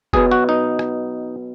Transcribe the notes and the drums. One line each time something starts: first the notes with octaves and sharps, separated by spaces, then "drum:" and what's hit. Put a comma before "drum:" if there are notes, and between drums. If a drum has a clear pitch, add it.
B1 B2 F#3 B3 G#4, drum: kick F1
F#4
D#4
drum: rim click